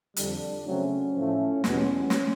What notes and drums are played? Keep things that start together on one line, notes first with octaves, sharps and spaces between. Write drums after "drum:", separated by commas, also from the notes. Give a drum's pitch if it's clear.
F2 D3 G3 D4, drum: hi-hat
C#3 F#3 A3 C4 C#4
A2 F3 A3
E2 B2 G3 B3 C#4, drum: snare
drum: snare